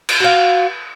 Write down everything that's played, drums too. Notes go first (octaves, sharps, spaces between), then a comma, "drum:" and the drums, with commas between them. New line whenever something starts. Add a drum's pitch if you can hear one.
drum: cymbal
F#4 F5